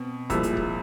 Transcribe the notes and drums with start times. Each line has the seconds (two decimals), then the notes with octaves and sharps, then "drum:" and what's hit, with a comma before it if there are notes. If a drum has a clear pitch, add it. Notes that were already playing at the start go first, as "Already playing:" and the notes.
Already playing: B2 C4
0.30 C2 A#2 F3 G#3 E6, drum: kick D#1, hi-hat
0.43 drum: hi-hat
0.57 drum: kick D#1